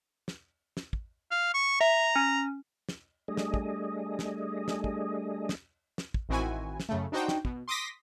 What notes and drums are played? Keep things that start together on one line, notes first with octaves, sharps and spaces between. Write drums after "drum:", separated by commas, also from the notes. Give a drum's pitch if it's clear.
drum: snare
drum: snare
drum: kick
F5
C#6
E5 A#5
C#4
drum: snare
G3 A3 D4 G#4 D#5
drum: snare
drum: kick
drum: snare
drum: snare
drum: kick
drum: snare
drum: snare
drum: kick
A1 D#3 C4 E4 F#4 G#5
drum: snare
F#2 C#3 A3
D4 D#4 F#4 C5 G5
drum: snare
B2, drum: kick
C6 D6 D#6 A#6 B6